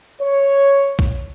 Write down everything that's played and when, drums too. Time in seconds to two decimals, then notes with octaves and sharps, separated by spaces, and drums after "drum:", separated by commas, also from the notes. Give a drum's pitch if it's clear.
0.20 C#5
0.99 drum: kick A#1